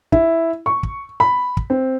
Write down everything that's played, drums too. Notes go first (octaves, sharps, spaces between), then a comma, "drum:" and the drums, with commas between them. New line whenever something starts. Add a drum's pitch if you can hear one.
E4, drum: kick
C#6
drum: kick
B5
drum: kick
C4